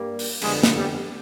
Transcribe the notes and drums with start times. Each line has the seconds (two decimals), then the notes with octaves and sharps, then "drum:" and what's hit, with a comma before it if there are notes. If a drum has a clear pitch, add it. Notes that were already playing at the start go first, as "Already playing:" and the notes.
Already playing: G2 G3 A#3
0.19 drum: open hi-hat
0.42 F2 D3 G3 G#3 B3 G#4, drum: cymbal
0.63 drum: snare
0.76 G3 G4